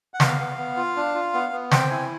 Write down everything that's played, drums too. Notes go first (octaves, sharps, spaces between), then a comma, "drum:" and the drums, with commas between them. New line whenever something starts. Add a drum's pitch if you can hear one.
F#5
B3 F5, drum: snare
B3
B3
F4
D4
F4
B3
B3
C4 G5, drum: snare
E4 G#5